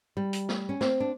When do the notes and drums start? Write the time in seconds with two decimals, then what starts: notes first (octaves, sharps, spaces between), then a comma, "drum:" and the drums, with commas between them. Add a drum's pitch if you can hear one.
0.17 G3
0.33 drum: hi-hat
0.49 drum: snare
0.69 C#4
0.81 C4, drum: snare
1.00 D4